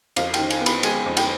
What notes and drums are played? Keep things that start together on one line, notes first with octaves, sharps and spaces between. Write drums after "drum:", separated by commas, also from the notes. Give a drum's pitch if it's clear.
F2 F5, drum: cymbal
G5, drum: cymbal
D#3
G#5, drum: cymbal
B3
B5, drum: cymbal
G#3 G#5, drum: cymbal
F2
G5, drum: cymbal